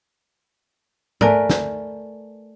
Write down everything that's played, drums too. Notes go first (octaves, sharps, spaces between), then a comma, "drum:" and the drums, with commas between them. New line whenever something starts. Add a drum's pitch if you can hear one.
A3 A#4 B4 D5 G#5, drum: tom G#2
drum: snare